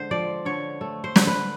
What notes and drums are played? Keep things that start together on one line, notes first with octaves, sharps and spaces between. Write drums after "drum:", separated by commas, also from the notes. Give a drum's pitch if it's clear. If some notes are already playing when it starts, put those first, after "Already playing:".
Already playing: D3 G#3 C5
F3 D5
D3 C#5
A3
C5
D3, drum: snare
B4